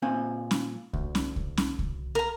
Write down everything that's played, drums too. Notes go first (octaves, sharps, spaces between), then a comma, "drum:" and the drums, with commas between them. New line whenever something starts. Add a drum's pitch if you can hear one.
A#2 C4 G#5
drum: snare
D2, drum: kick C2
drum: snare
drum: kick C2
drum: snare
drum: kick C2
A#4 A#5